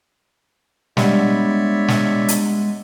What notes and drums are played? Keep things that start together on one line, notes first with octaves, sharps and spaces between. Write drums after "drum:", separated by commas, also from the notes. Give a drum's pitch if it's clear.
G3 G#3 B3 D4 C#5 D5 E5 F#5, drum: snare
drum: snare
drum: hi-hat